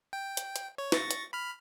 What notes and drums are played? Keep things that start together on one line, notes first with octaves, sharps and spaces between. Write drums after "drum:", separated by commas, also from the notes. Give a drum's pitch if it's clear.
G5
drum: hi-hat
drum: hi-hat
C#5
C#6 A6 A#6, drum: snare
drum: hi-hat
B5 F6